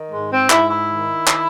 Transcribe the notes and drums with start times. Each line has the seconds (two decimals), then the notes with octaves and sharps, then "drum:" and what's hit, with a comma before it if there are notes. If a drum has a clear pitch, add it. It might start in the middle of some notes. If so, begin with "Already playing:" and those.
Already playing: D#3
0.11 G#2 G#3
0.32 C4
0.50 G#2 E4, drum: clap
0.70 E4
0.90 D#3
1.28 drum: clap